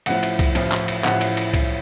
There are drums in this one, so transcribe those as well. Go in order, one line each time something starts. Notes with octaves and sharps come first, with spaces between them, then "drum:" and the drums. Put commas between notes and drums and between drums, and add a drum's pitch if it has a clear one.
A1 A2 F3 F#5, drum: cymbal
drum: cymbal
drum: kick C2, cymbal
A1 A2 F3, drum: cymbal
drum: clap
drum: cymbal
A1 A2 F3 F#5, drum: clap
drum: cymbal
drum: cymbal
drum: kick C2, cymbal